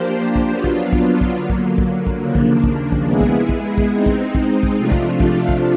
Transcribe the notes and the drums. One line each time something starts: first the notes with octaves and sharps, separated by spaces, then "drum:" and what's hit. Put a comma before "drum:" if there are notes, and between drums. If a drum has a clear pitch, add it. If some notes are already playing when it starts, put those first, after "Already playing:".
Already playing: F3 A#3 D4 G4 C5
drum: kick
F#3 B3 D4 F4
drum: kick
drum: kick
drum: kick
D3 F#3 A#3
drum: kick
drum: kick
drum: kick
D#2 C#3 F3 A#3 D4
drum: kick
drum: kick
drum: kick
G#3 B3 E4 G#4
drum: kick
drum: kick
drum: kick
G#3 C4 D#4
drum: kick
drum: kick
drum: kick
C3 F3 A3 D4 F4
drum: kick
drum: kick
drum: kick